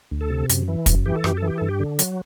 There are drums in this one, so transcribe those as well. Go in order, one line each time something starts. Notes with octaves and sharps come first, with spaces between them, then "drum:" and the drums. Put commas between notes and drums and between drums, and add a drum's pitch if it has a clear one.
D2
A4
C3
F#2, drum: hi-hat
E3
F#2, drum: kick, hi-hat
E3 G4
A4
F#2 G4, drum: rim click
A4
E3 G4
G2 A4
G4
D3
F#3, drum: hi-hat